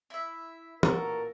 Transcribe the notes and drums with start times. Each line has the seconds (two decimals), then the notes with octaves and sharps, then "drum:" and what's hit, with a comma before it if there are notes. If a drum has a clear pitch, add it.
0.10 E4 E5
0.83 A1 A#2 F#4 A4 A#4 A#5, drum: tom